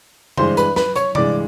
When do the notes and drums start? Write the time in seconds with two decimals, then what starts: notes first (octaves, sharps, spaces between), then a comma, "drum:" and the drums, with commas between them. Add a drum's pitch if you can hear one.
0.37 G2 E3 G#3 C5 C6, drum: tom C#3
0.57 B4 B5, drum: hi-hat
0.76 B4 B5, drum: snare
0.96 C#5 C#6, drum: hi-hat
1.15 G2 E3 G#3 D5 D6, drum: tom C3